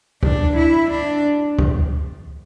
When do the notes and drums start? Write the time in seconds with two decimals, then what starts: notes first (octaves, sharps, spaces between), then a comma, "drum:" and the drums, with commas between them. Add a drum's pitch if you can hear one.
0.23 D4, drum: kick
0.57 E4
0.91 D4
1.59 drum: kick